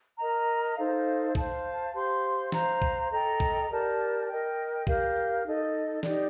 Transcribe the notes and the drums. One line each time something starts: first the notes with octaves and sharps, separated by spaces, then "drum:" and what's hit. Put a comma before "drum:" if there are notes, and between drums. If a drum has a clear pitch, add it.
A#4 D#5 A#5
D#4 A4 C5 F5
C5 F5 A5, drum: kick B1
G4 C5 F5 C6
C5 F5 A#5, drum: snare
drum: kick B1
A4 D#5 G5 A#5
drum: kick B1
G4 A#4 D5 A5
A#4 D#5 G5
G4 A#4 F5, drum: kick B1
D#4 A4 D#5
D#4 G4 D5, drum: snare